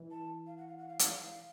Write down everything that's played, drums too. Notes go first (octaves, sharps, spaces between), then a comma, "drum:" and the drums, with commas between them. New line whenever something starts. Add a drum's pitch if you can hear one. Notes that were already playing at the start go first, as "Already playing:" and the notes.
Already playing: E3
A5
F5
F#5
F5
F#5
F5
F#5, drum: hi-hat
F5